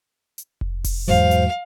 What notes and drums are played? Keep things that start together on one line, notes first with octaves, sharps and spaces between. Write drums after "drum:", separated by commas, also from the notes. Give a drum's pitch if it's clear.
drum: hi-hat
drum: kick F1
drum: kick F1, open hi-hat
E2 G#2 F#3 C5 F5
drum: hi-hat